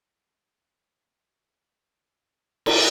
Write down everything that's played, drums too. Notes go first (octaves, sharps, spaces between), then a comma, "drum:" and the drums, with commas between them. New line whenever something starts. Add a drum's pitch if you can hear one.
A#3 D7
E4 G4 D#5
E3 F3
C2 B2 F4 E5 G6 D#7
E5 F5 A#5 C6 D6
G1 F#2 G4 C#5 C6 E6
drum: cymbal